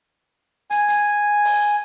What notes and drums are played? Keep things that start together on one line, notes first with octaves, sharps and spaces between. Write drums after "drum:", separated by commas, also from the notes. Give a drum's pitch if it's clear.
G#5, drum: hi-hat
drum: hi-hat
drum: open hi-hat